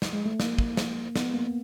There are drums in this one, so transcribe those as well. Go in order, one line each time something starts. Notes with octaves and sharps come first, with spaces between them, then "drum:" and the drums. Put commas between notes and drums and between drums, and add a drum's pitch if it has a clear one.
drum: snare
G#3
A3
A#3, drum: snare
drum: kick
drum: snare
B3, drum: snare
A#3